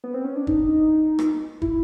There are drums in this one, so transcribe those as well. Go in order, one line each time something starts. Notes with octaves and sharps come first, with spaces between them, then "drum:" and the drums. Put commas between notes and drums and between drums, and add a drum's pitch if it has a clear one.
B3
C4
C#4
D4
D#4, drum: kick
drum: rim click
E4, drum: kick